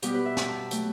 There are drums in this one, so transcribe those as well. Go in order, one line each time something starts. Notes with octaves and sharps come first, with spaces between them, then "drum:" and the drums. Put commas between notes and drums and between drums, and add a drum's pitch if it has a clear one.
B2 G3 B3 G4, drum: hi-hat
B4
E5
G5, drum: snare
A5
A5
F#3 A3 G5, drum: hi-hat